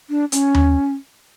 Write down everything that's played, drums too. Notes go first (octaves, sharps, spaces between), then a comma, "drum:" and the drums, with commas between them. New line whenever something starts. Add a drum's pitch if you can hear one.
D4
C#4, drum: hi-hat
drum: tom D#2